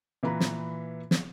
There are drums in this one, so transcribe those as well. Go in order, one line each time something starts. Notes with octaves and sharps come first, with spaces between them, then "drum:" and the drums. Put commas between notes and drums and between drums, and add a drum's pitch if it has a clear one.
A#2 E3 F4 B4 A#5 B5
drum: snare
drum: snare